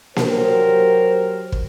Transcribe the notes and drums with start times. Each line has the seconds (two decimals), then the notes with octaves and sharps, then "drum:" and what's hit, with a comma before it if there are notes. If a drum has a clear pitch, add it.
0.16 F#3 G4 A#4 C5, drum: snare A#3
1.52 drum: kick